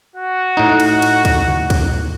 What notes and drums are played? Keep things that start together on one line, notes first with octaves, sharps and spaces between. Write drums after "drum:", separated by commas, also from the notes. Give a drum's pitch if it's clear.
F#4
A2 D#4
drum: cymbal
drum: cymbal
drum: kick C#2, cymbal
drum: tom C#3
drum: kick C#2, cymbal